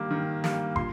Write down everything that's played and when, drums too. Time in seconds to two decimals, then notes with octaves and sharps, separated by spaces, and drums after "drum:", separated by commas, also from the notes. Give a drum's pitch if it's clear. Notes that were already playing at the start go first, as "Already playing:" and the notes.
Already playing: D#3 G3 A#3 D6
0.11 D#3
0.44 G3 A#3, drum: snare
0.76 A#2 C6, drum: kick